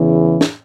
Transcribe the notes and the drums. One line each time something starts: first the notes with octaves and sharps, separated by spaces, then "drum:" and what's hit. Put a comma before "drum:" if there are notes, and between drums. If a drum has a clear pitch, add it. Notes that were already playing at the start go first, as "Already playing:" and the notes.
Already playing: E2 C#3 E3
drum: snare